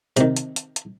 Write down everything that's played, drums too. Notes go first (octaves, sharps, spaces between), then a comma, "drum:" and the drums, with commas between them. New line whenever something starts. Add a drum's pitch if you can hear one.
C3 D#3, drum: hi-hat
drum: hi-hat
drum: hi-hat
drum: hi-hat